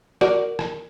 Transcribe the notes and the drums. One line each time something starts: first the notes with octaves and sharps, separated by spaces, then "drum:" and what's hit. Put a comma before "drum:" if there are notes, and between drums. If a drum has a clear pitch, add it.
F#4 A#4 D5, drum: rim click
drum: rim click